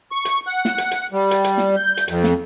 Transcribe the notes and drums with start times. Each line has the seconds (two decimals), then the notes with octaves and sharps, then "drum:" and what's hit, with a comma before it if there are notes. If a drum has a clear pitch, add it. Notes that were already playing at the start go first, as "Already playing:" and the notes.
0.12 C#6
0.25 drum: hi-hat
0.47 F#5
0.65 drum: snare
0.78 drum: hi-hat
0.91 drum: hi-hat
1.12 G3
1.31 drum: hi-hat
1.44 drum: hi-hat
1.58 drum: snare
1.77 G6
1.97 drum: hi-hat
2.08 F2, drum: hi-hat
2.24 drum: snare